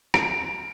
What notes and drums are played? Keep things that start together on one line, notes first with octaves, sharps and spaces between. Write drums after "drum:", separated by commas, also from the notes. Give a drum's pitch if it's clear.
D7, drum: rim click